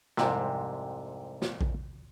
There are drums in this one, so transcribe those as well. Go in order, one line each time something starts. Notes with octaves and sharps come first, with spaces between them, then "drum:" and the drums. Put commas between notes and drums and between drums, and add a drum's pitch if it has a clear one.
C2 F2 G#2 C3, drum: snare
drum: snare
drum: kick A#1